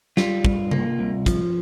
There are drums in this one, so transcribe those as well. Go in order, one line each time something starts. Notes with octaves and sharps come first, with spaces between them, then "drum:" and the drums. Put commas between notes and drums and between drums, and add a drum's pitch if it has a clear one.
G3 F4, drum: snare
G2, drum: kick
A#3, drum: tom C3
C2
F3, drum: kick, hi-hat